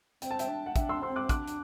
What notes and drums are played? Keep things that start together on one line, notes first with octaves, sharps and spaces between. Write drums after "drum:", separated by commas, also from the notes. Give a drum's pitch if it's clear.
C4 G5, drum: hi-hat
A5
E5 G5, drum: hi-hat
D4
F#5
D4 E5 G5, drum: kick, hi-hat
C6 E6
C4 C6 E6
D6 F#6
D4 D6 F#6, drum: kick, hi-hat
drum: hi-hat